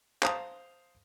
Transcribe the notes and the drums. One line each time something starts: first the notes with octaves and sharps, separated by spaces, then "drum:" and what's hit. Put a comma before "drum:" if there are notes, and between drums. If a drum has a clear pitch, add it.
C5 F5 A5 A#5 D#6, drum: clap